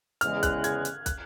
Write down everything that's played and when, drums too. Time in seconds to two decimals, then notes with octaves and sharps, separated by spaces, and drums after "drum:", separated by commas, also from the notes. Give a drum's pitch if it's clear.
0.21 E2 C#3 E3 G#3 F6, drum: hi-hat
0.43 F#6, drum: kick, hi-hat
0.64 G#6, drum: hi-hat
0.85 drum: hi-hat
1.06 F#6, drum: kick, hi-hat